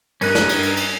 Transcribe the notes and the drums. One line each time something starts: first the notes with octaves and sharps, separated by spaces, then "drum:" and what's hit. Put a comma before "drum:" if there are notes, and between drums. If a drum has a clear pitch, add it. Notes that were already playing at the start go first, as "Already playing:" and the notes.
G2 C#4 D#4 A#4 F#6 D#7, drum: cymbal
drum: snare
drum: cymbal
drum: cymbal
drum: cymbal